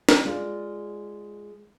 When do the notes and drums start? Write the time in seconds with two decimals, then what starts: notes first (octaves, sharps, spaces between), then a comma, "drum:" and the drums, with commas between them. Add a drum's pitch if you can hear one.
0.09 drum: snare
0.25 G#3 F4 D5